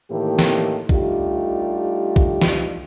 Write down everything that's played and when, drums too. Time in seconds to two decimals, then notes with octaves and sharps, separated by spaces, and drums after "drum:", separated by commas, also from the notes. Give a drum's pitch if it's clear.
0.10 A2 D#3 E3 A#3 G4 A4
0.39 drum: snare
0.89 G3 A3 D4 D#4 F4 G4, drum: kick
2.16 drum: kick
2.42 drum: snare